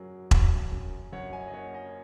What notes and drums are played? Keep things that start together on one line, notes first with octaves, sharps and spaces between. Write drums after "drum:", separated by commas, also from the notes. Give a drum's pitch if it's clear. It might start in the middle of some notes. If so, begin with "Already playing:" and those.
Already playing: F#2 F#3 G#4 A#4
F#3, drum: kick E1
F#2
F#2 C#5 F#5
D#5 G#5
D#5
A#3 C#5 F#5
D#5 G#5